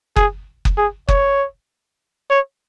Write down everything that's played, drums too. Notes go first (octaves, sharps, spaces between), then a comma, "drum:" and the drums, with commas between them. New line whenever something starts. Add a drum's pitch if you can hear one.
G#4, drum: kick F#1
drum: kick F#1
G#4
C#5, drum: kick F#1
C#5